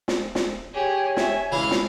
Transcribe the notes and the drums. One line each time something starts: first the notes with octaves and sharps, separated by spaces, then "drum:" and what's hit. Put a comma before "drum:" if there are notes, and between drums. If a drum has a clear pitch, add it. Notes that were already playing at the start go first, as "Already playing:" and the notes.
drum: snare
drum: snare
G4 G#4 C#5 G#5
E5, drum: snare
C#2 E3 E4 F5
drum: snare